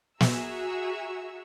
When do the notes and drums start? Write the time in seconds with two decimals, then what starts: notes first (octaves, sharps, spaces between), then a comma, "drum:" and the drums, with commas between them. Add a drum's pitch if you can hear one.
0.20 F#4 G#4 E5 A#5 C#6 E6, drum: snare